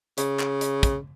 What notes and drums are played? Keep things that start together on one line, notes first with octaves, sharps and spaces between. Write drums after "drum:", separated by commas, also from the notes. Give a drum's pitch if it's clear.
C#3, drum: hi-hat
drum: clap
drum: hi-hat
drum: kick, hi-hat